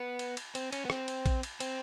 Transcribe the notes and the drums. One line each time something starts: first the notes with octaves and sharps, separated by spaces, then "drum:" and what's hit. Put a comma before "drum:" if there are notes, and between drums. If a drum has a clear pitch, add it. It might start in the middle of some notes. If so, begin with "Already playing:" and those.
Already playing: B3
drum: cymbal
drum: cymbal
C4, drum: cymbal
C#4, drum: cymbal
B3
C4, drum: rim click
drum: cymbal
drum: kick A#1, cymbal
drum: cymbal
C4, drum: cymbal